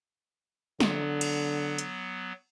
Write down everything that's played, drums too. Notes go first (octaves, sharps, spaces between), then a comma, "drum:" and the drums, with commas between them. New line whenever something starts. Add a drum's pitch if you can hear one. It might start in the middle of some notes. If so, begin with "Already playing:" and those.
D3 F#3 B3, drum: snare
drum: cymbal
drum: hi-hat